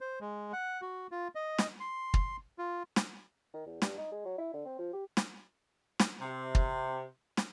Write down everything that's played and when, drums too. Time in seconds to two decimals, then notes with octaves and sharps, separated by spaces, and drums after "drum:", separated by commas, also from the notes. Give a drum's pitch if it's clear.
0.01 C5
0.21 G#3
0.53 F#5
0.82 F#4
1.11 F4
1.35 D#5
1.59 drum: snare
1.80 C6
2.14 drum: kick
2.58 F4
2.96 drum: snare
3.54 D#3
3.66 E2
3.82 G2, drum: snare
3.98 D#4
4.11 G#3
4.25 F#3
4.38 E4
4.54 D3
4.65 C4
4.79 F3
4.93 G4
5.17 drum: snare
6.00 drum: snare
6.20 C3
6.55 drum: kick
7.37 drum: snare